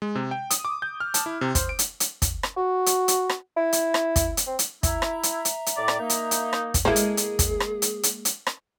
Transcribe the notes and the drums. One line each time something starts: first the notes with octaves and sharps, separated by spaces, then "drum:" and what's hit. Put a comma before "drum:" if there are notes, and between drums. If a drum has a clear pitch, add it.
G#3
C3
G5
D#6, drum: hi-hat
D6
G6
F6
A5, drum: hi-hat
E4
C3
C5, drum: kick, hi-hat
D7
drum: hi-hat
drum: hi-hat
drum: kick, hi-hat
drum: rim click
F#4
drum: hi-hat
drum: hi-hat
drum: rim click
E4
drum: hi-hat
drum: rim click
drum: kick, hi-hat
drum: hi-hat
C4
drum: hi-hat
E4 E5 A#5, drum: kick, hi-hat
drum: rim click
drum: hi-hat
drum: hi-hat
drum: hi-hat
A2 D5
drum: rim click
A#3 D#4
drum: hi-hat
drum: hi-hat
drum: rim click
drum: kick, hi-hat
G#3 A#3 E4 G#4 A4 C5
drum: hi-hat
drum: hi-hat
drum: kick, hi-hat
drum: rim click
drum: hi-hat
drum: hi-hat
drum: hi-hat
drum: rim click